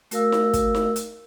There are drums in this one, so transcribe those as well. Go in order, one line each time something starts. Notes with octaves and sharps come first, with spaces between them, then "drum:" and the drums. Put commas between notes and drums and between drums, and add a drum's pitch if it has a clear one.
A3 F#4 A#4 F5 E6, drum: hi-hat
drum: snare D#4
drum: kick, hi-hat
drum: snare D#4
drum: hi-hat